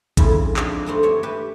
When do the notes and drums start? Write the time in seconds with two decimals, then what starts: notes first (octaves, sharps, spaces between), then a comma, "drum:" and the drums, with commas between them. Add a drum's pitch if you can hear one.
0.17 F2 G#2 C#3 F3 E4, drum: kick A#1, hi-hat
0.56 D4, drum: clap
0.86 D3 G3 A3 C4
1.03 G2 C#5 E5
1.23 G4 B4 E5